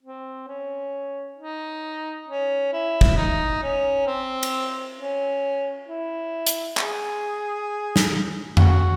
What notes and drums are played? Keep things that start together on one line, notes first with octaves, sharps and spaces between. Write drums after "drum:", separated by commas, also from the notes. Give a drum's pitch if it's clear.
C4
C#4
D#4
C#4
E4
drum: kick
D#4
C#4
C4
drum: cymbal
C#4
E4
drum: hi-hat
G#4, drum: clap
drum: snare
F#4, drum: tom F2